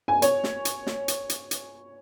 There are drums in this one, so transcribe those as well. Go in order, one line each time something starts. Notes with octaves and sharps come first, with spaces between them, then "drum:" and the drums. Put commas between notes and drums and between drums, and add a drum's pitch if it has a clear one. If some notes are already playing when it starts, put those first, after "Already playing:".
G#5
C#5, drum: hi-hat
drum: snare
drum: hi-hat
drum: snare
drum: hi-hat
drum: hi-hat
drum: hi-hat